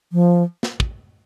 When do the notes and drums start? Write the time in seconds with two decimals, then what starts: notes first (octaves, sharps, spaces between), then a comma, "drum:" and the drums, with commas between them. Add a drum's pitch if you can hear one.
0.13 F3
0.63 drum: snare
0.80 drum: kick